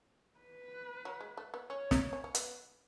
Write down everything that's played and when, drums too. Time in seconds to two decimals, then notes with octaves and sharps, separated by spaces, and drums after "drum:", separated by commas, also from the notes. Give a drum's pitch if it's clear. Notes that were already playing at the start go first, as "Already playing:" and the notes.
0.40 B4
1.05 F#3
1.21 G#3
1.37 A3
1.54 B3
1.69 C#4 C#5
1.91 D#4, drum: snare
2.13 C#4
2.24 C#4
2.35 B3, drum: hi-hat